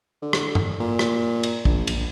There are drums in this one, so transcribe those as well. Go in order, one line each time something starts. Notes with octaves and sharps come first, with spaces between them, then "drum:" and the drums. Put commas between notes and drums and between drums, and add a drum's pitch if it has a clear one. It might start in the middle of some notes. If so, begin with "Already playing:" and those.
D3
drum: rim click
drum: tom G2
A#2
drum: rim click
drum: cymbal
A#1, drum: kick
drum: cymbal